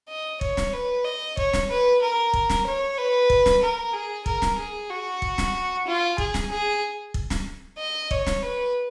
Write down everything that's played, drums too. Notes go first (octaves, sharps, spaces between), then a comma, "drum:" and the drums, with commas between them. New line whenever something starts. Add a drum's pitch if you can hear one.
D#5
C#5, drum: kick
drum: snare
B4
D#5
C#5, drum: kick
drum: snare
B4
A#4
drum: kick
drum: snare
C#5
B4
drum: kick
drum: snare
A#4
G#4
A#4, drum: kick
drum: snare
G#4
F#4
drum: kick
drum: snare
F4
G#4, drum: kick
drum: snare
G#4
drum: kick
drum: snare
D#5
C#5, drum: kick
drum: snare
B4